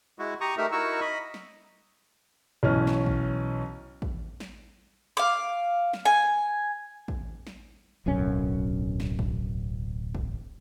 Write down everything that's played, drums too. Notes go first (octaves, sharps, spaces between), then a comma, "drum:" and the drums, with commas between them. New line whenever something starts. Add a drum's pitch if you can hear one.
G#3 E4 F#4
G4 A#5 C#6 D#6
A3 D#4 G4 A#4 E5
D#4 E4 F#4 A#4 C#6 E6
D#5 B5
drum: snare
B1 E3 C#4 F6
drum: snare
drum: kick
drum: kick
drum: snare
F5 D6
drum: snare
G#5
drum: kick
drum: snare
D1 B1 F#2 C#4
drum: snare
drum: kick
drum: kick